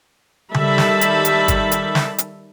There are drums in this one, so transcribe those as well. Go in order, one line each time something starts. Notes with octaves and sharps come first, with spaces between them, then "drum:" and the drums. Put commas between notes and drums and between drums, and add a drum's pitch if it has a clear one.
D#3 G3 A4 E5 A5 B5, drum: tom C#3
drum: snare
drum: hi-hat
drum: hi-hat
drum: kick G1, hi-hat
drum: hi-hat
drum: snare
drum: hi-hat